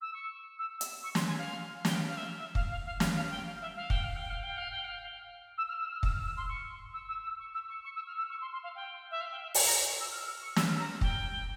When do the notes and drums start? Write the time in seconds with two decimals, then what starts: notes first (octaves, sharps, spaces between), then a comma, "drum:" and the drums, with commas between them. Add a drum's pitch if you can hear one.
0.01 E6
0.13 C#6
0.58 E6
0.81 E6, drum: hi-hat
1.03 C#6
1.15 C6, drum: snare
1.27 G#5
1.38 F5
1.85 G5, drum: snare
1.95 F5
2.07 F5
2.17 E5
2.39 E5
2.55 F5, drum: kick
2.70 F5
2.86 F5
3.00 F5, drum: snare
3.16 F5
3.30 G5
3.46 F5
3.61 E5
3.76 F5
3.90 G5, drum: kick
4.03 F5
4.16 G5
4.30 F5
4.43 G5
4.57 F5
4.71 G5
4.84 F5
5.57 E6
5.68 F6
5.79 E6
5.91 F6
6.03 E6, drum: kick
6.14 F6
6.26 E6
6.36 C6
6.48 C#6
6.93 E6
7.08 E6
7.24 E6
7.39 C#6
7.54 E6
7.68 C#6
7.84 C#6
7.95 E6
8.07 F6
8.17 E6
8.29 C#6
8.41 C6
8.52 C6
8.63 F5
8.75 G5
9.11 E5
9.20 F5
9.31 G5
9.42 E5
9.54 G#5, drum: open hi-hat
9.65 A#5
9.88 C#6
10.00 E6
10.11 F6
10.26 E6
10.41 C#6
10.56 E6, drum: snare
10.68 F6
10.79 A#5
11.01 G5, drum: kick